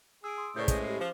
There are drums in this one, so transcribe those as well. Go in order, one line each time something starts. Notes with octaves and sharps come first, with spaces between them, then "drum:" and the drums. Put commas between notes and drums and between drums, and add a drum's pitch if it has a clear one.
G#4 E6 D7
C6 D#6
A2 C#3 G#4 B4 C5 D5 G6
G#3 C#4, drum: kick, hi-hat
G4 C7
F3 C5 D6